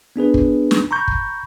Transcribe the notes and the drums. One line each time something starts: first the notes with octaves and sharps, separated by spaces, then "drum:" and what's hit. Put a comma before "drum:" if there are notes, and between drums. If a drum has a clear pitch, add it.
B3 D4 G#4 B4
drum: kick
drum: snare
A#5 B5 C#6 G6
drum: kick